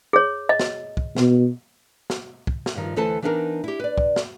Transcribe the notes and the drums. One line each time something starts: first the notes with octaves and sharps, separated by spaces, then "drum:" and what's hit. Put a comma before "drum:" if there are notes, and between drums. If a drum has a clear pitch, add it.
G#4 C#5
D#5
drum: snare
drum: kick
B2, drum: snare
drum: snare
drum: kick
drum: snare
G2 D#3 F3
D2 E3 A4 B4 C5 A5
E3 B3 D4 D#4 A4 A#4
E4 G4
B4 D5
drum: kick
drum: snare